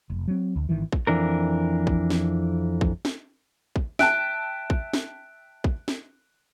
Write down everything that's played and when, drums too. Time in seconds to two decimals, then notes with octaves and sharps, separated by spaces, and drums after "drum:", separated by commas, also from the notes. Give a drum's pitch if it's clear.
0.10 F1
0.28 F#3 C4
0.56 D2
0.69 G#1 E2 D#3 E3
0.92 drum: kick
1.07 F2 E3 D4 A#4
1.87 drum: kick
2.10 drum: snare
2.81 drum: kick
3.05 drum: snare
3.76 drum: kick
3.99 E5 G5 A5 F#6 D7, drum: snare
4.70 drum: kick
4.94 drum: snare
5.64 drum: kick
5.88 drum: snare